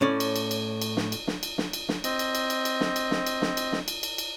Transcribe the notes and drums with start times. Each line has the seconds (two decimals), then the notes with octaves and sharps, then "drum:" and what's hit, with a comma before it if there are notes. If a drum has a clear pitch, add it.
0.01 A2 C#4 D5
0.20 drum: cymbal
0.36 drum: cymbal
0.51 drum: cymbal
0.82 drum: cymbal
0.97 drum: snare
1.12 drum: cymbal
1.27 drum: snare
1.43 drum: cymbal
1.58 drum: snare
1.73 drum: cymbal
1.89 drum: snare
2.04 C4 D#5, drum: cymbal
2.19 drum: cymbal
2.35 drum: cymbal
2.50 drum: cymbal
2.65 drum: cymbal
2.81 drum: snare
2.96 drum: cymbal
3.11 drum: snare
3.26 drum: cymbal
3.42 drum: snare
3.57 drum: cymbal
3.72 drum: snare
3.88 drum: cymbal
4.03 drum: cymbal
4.18 drum: cymbal